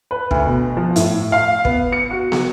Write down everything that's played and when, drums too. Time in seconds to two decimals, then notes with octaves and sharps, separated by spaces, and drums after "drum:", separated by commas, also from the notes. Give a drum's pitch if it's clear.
0.11 B4
0.31 D2, drum: kick
0.46 B2
0.77 F3
0.96 A2, drum: hi-hat
1.32 F5
1.65 B3, drum: kick
1.92 C#7
2.11 F#4
2.32 drum: snare